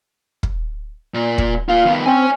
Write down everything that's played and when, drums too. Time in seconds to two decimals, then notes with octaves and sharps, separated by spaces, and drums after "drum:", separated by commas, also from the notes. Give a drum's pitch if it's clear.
0.43 drum: kick
1.14 A#2
1.38 drum: kick
1.69 A#3 F4 F5
1.85 D#3 B3
2.06 C4 C#5 G#5